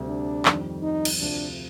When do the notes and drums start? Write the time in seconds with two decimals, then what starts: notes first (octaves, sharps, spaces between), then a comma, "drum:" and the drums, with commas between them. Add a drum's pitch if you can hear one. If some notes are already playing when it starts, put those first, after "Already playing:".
Already playing: D2 C3 G3
0.08 D4
0.45 F2 D#3 G3, drum: clap
0.83 D#4
1.05 drum: cymbal
1.21 D2 C3 F3 D4